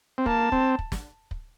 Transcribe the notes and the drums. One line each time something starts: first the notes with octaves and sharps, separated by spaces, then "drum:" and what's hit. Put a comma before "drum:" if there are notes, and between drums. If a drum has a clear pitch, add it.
C4
A#3 A5, drum: kick
C4, drum: kick
drum: kick
drum: snare
drum: kick